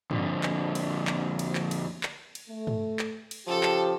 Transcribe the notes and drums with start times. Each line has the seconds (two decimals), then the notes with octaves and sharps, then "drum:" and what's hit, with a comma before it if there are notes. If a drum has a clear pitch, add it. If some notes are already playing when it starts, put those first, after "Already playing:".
0.11 F2 D3, drum: tom
0.43 drum: clap
0.75 drum: cymbal
1.07 drum: clap
1.39 drum: cymbal
1.55 drum: clap
1.71 drum: cymbal
2.03 drum: clap
2.35 drum: cymbal
2.50 A3
2.67 drum: tom
2.99 drum: clap
3.31 drum: cymbal
3.47 C#3 F3 G4 A4 A5
3.63 drum: clap